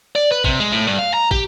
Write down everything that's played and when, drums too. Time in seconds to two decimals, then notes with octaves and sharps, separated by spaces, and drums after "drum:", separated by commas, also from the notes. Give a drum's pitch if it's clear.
0.15 D5
0.32 B4
0.44 C3, drum: kick
0.60 G#3
0.72 A2
0.87 G2
0.99 F5
1.14 A#5
1.31 G4, drum: kick